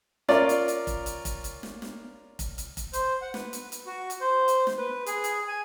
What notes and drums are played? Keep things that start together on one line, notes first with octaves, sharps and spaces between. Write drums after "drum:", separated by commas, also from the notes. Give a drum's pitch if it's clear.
C#4 F4 A#4 D5, drum: snare
drum: hi-hat
drum: hi-hat
drum: kick F1, hi-hat
drum: hi-hat
drum: kick F1, hi-hat
drum: hi-hat
drum: snare
drum: snare
drum: kick F1, hi-hat
drum: hi-hat
drum: kick F1, hi-hat
C5, drum: hi-hat
F#5
B4, drum: snare
drum: hi-hat
drum: hi-hat
F#4
drum: hi-hat
C5
drum: hi-hat
drum: snare
B4
G#4, drum: hi-hat
drum: hi-hat
G#5